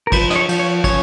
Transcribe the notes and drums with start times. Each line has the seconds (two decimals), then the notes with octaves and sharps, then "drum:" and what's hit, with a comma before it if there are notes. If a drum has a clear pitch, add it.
0.07 A#4
0.12 F3 B4, drum: kick, cymbal
0.30 D#5, drum: snare
0.36 C#5
0.49 F3, drum: cymbal
0.59 C#5
0.84 C#4 C#5, drum: kick, cymbal